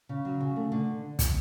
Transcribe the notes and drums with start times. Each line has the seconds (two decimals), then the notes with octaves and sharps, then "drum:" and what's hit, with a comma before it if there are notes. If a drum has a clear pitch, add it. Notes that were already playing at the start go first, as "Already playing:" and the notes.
0.09 C#3
0.25 F#3
0.41 C#3
0.56 A3
0.72 D3
1.19 drum: kick, hi-hat